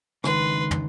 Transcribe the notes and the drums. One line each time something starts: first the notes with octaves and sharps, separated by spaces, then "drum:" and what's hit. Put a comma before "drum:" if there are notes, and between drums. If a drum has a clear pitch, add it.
C#2 D#3 B4 C6, drum: rim click
drum: tom